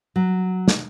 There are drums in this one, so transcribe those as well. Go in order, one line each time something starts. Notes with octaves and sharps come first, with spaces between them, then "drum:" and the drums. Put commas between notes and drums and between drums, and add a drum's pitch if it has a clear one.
F#3
drum: snare